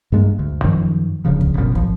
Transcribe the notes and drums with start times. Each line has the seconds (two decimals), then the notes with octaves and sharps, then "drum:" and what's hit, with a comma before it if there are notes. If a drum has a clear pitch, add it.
0.12 G2 G#3 A#3
0.39 D2
0.64 F#2 D#3 F3
1.24 D1 D2 C#3 F3
1.41 drum: kick
1.57 F#1 F#2 B2
1.75 G#1 F3, drum: kick